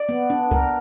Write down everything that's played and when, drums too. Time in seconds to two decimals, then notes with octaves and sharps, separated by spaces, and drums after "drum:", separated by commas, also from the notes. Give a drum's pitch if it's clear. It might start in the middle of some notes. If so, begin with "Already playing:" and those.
Already playing: D5
0.09 B3
0.30 D4
0.51 A#4, drum: kick C2